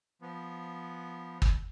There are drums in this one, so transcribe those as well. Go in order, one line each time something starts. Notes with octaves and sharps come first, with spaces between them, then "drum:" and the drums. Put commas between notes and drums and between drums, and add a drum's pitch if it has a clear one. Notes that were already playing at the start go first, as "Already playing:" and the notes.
F3 B3
drum: kick